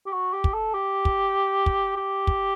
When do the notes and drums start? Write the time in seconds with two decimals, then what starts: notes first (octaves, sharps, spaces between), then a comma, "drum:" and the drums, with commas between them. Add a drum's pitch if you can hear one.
0.06 G4
0.13 F#4
0.33 G4
0.44 drum: kick
0.54 A4
0.74 G4
1.05 drum: kick
1.66 drum: kick
1.97 G4
2.27 drum: kick